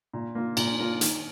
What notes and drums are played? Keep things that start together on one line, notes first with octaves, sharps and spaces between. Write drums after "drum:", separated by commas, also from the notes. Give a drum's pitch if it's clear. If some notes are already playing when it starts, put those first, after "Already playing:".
A#2
A#3 F4
A#2, drum: cymbal
A#3 F4
D#3, drum: hi-hat